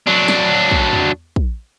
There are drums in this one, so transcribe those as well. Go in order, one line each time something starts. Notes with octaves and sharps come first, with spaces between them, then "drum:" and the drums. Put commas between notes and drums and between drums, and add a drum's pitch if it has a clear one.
F#3 D4
drum: snare
drum: kick
drum: tom E2
drum: kick